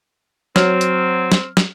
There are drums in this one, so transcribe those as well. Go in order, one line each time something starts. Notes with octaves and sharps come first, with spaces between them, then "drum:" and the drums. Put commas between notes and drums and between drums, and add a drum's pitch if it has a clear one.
F#3 C4 C#5 F6, drum: snare
drum: hi-hat
drum: snare
drum: snare